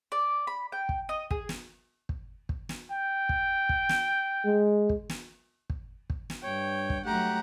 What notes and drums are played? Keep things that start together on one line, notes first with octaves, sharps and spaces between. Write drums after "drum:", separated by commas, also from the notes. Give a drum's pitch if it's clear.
D5
B5
G5
drum: kick
D#5
G#4, drum: kick
drum: snare
drum: kick
drum: kick
drum: snare
G5
drum: kick
drum: kick
drum: snare
G#3
drum: kick
drum: snare
drum: kick
drum: kick
drum: snare
G2 C#5 G5
drum: kick
F#3 A3 G4 F#5 A#5